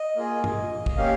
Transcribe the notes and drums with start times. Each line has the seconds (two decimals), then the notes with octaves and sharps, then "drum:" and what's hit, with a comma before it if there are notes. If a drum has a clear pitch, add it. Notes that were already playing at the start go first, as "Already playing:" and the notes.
Already playing: D#5
0.16 A#3 F4 G#4
0.44 drum: tom
0.86 drum: kick
0.97 A#3 C#4 G4 F5